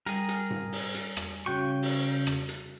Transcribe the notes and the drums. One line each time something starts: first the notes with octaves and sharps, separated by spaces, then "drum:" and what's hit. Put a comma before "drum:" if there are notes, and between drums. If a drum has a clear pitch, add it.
G3 G#4 A#4, drum: hi-hat
drum: hi-hat
drum: tom G#2
drum: open hi-hat
drum: hi-hat
drum: rim click
C#3 F#4 G5 C#6
drum: open hi-hat
drum: rim click
drum: hi-hat